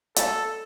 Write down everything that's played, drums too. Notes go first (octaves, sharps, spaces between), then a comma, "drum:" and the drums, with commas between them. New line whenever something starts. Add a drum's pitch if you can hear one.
A4, drum: hi-hat